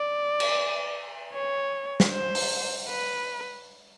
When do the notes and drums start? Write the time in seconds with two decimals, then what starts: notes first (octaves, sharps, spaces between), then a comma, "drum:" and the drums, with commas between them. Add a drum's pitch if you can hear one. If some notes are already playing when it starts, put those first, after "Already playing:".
Already playing: D5
0.40 drum: cymbal
1.34 C#5
2.00 drum: snare
2.11 C5
2.35 drum: open hi-hat
2.89 B4